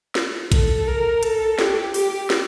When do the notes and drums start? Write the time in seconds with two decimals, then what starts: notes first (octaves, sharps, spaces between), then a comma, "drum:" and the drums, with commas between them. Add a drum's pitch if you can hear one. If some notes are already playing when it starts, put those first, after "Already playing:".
0.15 drum: snare
0.52 A4, drum: kick A#1, hi-hat
0.87 A#4
1.23 A4, drum: hi-hat
1.59 G4, drum: snare
1.94 G4, drum: open hi-hat
2.30 drum: snare